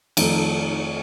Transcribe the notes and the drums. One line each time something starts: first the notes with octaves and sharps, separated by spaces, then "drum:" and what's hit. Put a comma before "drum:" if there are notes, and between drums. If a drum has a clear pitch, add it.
F2 D#3 A3 D#4 A4, drum: cymbal